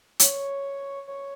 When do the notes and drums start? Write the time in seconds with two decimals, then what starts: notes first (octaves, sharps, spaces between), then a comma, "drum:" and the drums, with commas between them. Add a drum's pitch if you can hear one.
0.20 C#5, drum: hi-hat
1.08 C#5